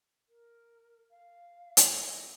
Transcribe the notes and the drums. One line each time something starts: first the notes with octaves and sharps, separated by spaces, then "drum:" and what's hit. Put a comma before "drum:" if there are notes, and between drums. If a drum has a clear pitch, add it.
A#4
F5
G1 C#5 D#5, drum: hi-hat